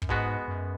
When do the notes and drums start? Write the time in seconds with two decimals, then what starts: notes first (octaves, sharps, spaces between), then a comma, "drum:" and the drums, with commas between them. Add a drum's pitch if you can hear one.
0.02 F#2, drum: kick
0.09 G#2 B2 G#3 B3 F#4
0.48 F#2